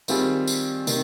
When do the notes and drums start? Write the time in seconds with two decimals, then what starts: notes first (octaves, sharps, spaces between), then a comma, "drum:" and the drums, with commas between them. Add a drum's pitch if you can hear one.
0.08 D#3 G3 C4 F4 G#4, drum: tambourine
0.47 drum: tambourine
0.87 C3 D#3, drum: tambourine